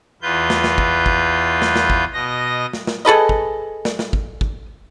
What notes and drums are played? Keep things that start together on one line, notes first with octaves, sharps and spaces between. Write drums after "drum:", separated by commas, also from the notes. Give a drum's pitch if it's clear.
E2 F4 B4 G6
drum: snare
drum: snare
drum: kick
drum: kick
drum: snare
drum: snare
drum: kick
B2 D#5 A#6
drum: snare
drum: snare
G#4 A4 B4 D#5
drum: kick
drum: snare
drum: snare
drum: kick
drum: kick